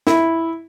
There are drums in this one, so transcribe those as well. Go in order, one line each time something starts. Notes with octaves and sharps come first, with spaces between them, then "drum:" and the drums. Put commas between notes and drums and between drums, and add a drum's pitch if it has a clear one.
E4, drum: snare